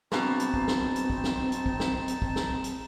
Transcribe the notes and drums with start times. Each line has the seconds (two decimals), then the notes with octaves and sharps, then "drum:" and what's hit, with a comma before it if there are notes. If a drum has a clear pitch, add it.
0.12 G2 B2 C4 D#4 A5, drum: snare
0.40 drum: hi-hat
0.54 drum: kick
0.68 drum: snare
0.96 drum: hi-hat
1.10 drum: kick
1.24 drum: snare
1.52 drum: hi-hat
1.66 drum: kick
1.80 drum: snare
2.08 drum: hi-hat
2.22 drum: kick
2.36 drum: snare
2.64 drum: hi-hat